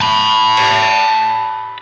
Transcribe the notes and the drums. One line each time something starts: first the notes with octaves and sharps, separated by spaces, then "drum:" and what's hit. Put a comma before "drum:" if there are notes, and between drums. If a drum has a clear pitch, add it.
A5 B5
drum: cymbal